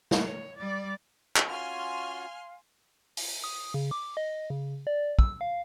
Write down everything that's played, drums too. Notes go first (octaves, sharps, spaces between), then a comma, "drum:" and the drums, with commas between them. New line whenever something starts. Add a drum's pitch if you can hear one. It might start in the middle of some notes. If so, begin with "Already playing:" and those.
drum: snare
C#5
G3 D5
drum: clap
C#4 F4 F#4 F5 G#5 C6 F6
drum: open hi-hat
D#6
C#3
D6
D#5
C#3
D5
E6, drum: kick
F5